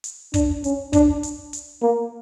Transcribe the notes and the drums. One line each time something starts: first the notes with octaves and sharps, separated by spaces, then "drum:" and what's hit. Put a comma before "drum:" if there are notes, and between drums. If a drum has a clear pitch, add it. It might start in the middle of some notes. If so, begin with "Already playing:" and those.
drum: hi-hat
D4, drum: kick, hi-hat
C#4, drum: hi-hat
D4, drum: kick, hi-hat
drum: hi-hat
drum: hi-hat
A#3